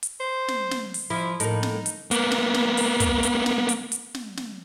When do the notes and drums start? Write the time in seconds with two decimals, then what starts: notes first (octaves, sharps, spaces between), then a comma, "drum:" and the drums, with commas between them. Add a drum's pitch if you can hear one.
0.03 drum: hi-hat
0.20 C5
0.48 drum: snare
0.71 drum: snare
0.94 drum: open hi-hat
1.10 F3 E4
1.40 A2 A#3 D#4, drum: hi-hat
1.63 drum: snare
1.86 drum: hi-hat
2.11 A#3 B3, drum: hi-hat
2.31 drum: snare
2.54 drum: snare
2.77 drum: open hi-hat
3.00 drum: kick, hi-hat
3.23 drum: hi-hat
3.46 drum: snare
3.69 drum: hi-hat
3.92 drum: hi-hat
4.15 drum: snare
4.37 drum: snare